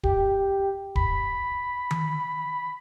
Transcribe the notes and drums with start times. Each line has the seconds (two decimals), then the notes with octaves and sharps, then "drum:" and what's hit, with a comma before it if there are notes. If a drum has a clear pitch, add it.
0.03 G4, drum: kick
0.96 B5, drum: kick
1.91 drum: tom D#3